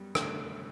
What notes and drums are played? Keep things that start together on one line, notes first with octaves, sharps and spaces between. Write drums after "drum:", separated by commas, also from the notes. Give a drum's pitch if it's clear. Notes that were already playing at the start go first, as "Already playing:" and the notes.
Already playing: F#2 G3 B3
F#2 D3 A3, drum: rim click